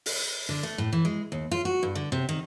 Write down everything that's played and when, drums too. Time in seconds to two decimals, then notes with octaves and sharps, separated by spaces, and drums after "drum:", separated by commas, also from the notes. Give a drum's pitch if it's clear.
0.06 drum: open hi-hat
0.49 D3
0.63 A3
0.78 A2
0.93 E3
1.05 G#3
1.32 D#2
1.51 F4
1.65 F#4
1.83 G2
1.95 D3
2.12 C3
2.29 D#3